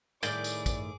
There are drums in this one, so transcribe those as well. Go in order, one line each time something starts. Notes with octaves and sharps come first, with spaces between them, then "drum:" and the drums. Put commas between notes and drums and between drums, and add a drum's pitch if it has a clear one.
A2 D#3 E4 G#4 D5 D6 G6, drum: tambourine
drum: tambourine
drum: kick, tambourine